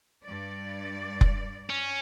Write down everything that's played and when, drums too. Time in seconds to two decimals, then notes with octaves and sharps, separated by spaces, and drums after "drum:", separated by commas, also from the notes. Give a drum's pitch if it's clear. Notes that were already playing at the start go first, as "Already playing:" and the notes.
0.23 G2 D5
1.21 drum: kick F1
1.70 C#4